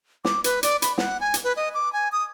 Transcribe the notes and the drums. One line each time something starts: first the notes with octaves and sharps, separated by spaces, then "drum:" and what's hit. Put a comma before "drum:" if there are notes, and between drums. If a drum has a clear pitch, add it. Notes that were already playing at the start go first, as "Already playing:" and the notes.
D6, drum: snare
B4, drum: hi-hat
D5, drum: hi-hat
B5, drum: hi-hat
F#5, drum: snare
G#5
drum: hi-hat
B4
D#5
D6
G#5
D#6